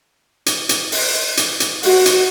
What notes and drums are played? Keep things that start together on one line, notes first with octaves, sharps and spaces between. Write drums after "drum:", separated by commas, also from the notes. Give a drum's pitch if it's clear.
drum: hi-hat
drum: hi-hat
drum: open hi-hat
drum: hi-hat
drum: hi-hat
F#4, drum: open hi-hat
drum: hi-hat